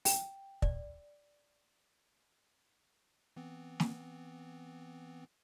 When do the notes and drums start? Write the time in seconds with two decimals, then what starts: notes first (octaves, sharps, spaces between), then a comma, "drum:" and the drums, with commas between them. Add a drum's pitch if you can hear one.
0.05 G5, drum: open hi-hat
0.62 D5, drum: kick
3.36 E3 B3 C4
3.80 drum: snare